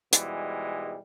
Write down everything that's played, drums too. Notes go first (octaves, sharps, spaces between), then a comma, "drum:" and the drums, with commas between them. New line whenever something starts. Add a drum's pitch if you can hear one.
G#2 B2 E3 G3 G#3, drum: hi-hat